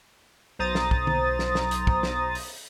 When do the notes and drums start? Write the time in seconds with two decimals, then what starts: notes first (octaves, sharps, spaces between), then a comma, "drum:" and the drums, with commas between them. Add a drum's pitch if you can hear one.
0.59 B1 C5 A#5 D#6 A6
0.75 drum: snare
0.91 drum: kick
1.07 drum: tom D3
1.39 drum: snare
1.55 drum: snare
1.71 drum: hi-hat
1.87 drum: kick
2.03 drum: snare
2.35 drum: open hi-hat